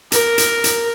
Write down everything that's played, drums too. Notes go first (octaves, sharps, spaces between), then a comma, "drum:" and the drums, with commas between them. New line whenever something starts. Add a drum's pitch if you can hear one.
A#4, drum: hi-hat
drum: hi-hat
drum: hi-hat